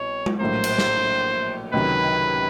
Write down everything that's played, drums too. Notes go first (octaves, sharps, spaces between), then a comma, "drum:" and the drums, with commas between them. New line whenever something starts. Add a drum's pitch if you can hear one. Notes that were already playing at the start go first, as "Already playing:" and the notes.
Already playing: C2 B2 C#5
drum: tom G#3
A#1 A2 F#3 A#3 C5
drum: cymbal
drum: snare
C#2 C3 D#3 F#3 B4